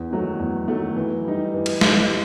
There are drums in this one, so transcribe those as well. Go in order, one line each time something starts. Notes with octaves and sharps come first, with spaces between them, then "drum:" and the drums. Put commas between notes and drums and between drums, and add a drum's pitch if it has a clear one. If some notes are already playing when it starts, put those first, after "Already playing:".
Already playing: E2
D#3 F#3 A3
E2
D#3 F#3 A3
E3
G3 D#4
E3
drum: cymbal
G3 D#4, drum: snare